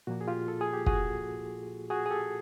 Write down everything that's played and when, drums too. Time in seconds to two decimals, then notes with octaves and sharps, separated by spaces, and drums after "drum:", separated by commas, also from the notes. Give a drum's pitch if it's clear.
0.07 A#2 F3 A#3 F#4
0.21 G#4
0.28 F4 G4
0.48 A4
0.61 G#4
0.73 G4
0.86 F#4 G#4, drum: kick
1.90 F#4 G#4
2.06 G#4
2.11 G4 A4